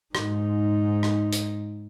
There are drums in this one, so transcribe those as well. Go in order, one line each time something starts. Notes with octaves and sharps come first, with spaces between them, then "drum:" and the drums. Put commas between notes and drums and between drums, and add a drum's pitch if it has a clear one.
G#2 D#4, drum: rim click
drum: rim click
drum: hi-hat